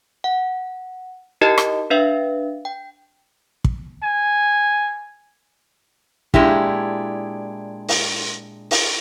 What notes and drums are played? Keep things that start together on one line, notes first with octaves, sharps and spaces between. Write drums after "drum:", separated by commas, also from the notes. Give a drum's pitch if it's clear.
F#5
D#4 E4 G4 A#4 D#5 A5
drum: rim click
D4 B4 E5 F5
G5
drum: kick
G#5
A#2 G#3 D4 E4 G4, drum: kick
drum: open hi-hat
drum: open hi-hat